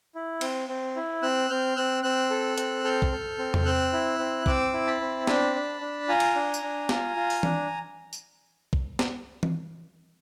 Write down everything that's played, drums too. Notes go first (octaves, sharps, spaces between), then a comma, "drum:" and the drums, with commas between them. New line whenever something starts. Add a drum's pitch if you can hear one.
E4
C4, drum: cymbal
C4
E4
C4 E6 F#6
C4 F6 G6
C4 E6 F#6
C4 E6 F#6
A4
C4, drum: hi-hat
A4 F6 G6
drum: kick
A4
C4
drum: tom E2
C4 E6 F#6
E4
C4
C4 D6 E6, drum: kick
E4
A5 B5
C4
D4 A5 B5, drum: snare
D4
D4
F4 G#5 A#5
drum: cymbal
D4
drum: tambourine
D4
F4, drum: snare
F4
drum: open hi-hat
D4, drum: tom E3
drum: tambourine
drum: kick
drum: snare
drum: tom E3